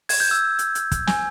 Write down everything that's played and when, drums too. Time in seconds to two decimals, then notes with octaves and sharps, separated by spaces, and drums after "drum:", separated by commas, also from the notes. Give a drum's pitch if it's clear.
0.09 G#6, drum: open hi-hat
0.20 G6
0.31 E6
0.59 drum: hi-hat
0.75 drum: hi-hat
0.92 drum: kick, hi-hat
1.07 G#5, drum: snare